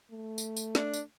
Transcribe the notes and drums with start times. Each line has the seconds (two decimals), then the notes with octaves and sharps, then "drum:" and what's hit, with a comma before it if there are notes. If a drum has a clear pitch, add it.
0.11 A3
0.38 drum: tambourine
0.56 drum: tambourine
0.75 D4, drum: snare
0.94 drum: tambourine